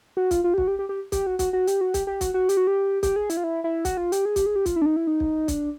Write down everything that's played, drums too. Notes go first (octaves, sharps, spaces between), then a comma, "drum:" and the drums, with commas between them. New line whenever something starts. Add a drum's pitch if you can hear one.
F#4
F4, drum: kick, hi-hat
F4
G4
F#4, drum: kick
G4
G4
G4
G4, drum: kick, hi-hat
F#4
F#4, drum: kick, hi-hat
F#4
G4, drum: hi-hat
F#4
G4, drum: kick, hi-hat
G4
F#4, drum: kick, hi-hat
F#4
G4, drum: hi-hat
F#4
G4
G4, drum: kick, hi-hat
G#4
E4, drum: hi-hat
F4
E4
E4
F#4, drum: kick, hi-hat
F4
G4, drum: hi-hat
G#4
G4, drum: kick, hi-hat
G#4
G4
F4, drum: kick, hi-hat
E4
D4
D#4
E4
D#4
drum: kick
D4, drum: kick, hi-hat